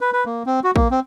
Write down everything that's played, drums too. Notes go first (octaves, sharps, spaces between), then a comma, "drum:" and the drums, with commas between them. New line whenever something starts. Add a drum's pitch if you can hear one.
B4
B4
A#3
C4
F#4
A#3, drum: kick
C4